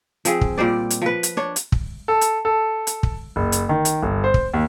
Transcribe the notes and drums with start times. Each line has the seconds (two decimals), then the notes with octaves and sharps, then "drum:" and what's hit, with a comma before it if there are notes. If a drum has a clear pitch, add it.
0.25 F3 C4 G#4, drum: hi-hat
0.41 drum: kick
0.58 A#2 G3 C5 D5
0.90 drum: hi-hat
1.02 F3 B4
1.23 drum: hi-hat
1.37 D4 C#5
1.56 drum: hi-hat
1.72 drum: kick
2.08 A4
2.21 drum: hi-hat
2.45 A4
2.87 drum: hi-hat
3.03 drum: kick
3.36 F#1
3.52 drum: hi-hat
3.69 D#3
3.85 drum: hi-hat
4.03 G1
4.24 C5
4.34 drum: kick
4.54 D#2